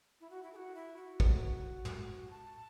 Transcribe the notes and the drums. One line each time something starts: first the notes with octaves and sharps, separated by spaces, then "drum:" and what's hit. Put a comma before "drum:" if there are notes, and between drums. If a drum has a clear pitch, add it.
E4
F#4
E4
A4
F#4
E4
F#4
drum: kick
drum: tom
A5